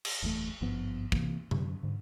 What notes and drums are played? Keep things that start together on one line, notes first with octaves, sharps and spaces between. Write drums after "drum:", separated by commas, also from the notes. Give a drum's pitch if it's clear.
drum: cymbal
F#1 E2 A#2 A3
G#1 G2 F3 B3
C3 E3 A#3, drum: kick
F#2 D3, drum: tom C3
G#2 D3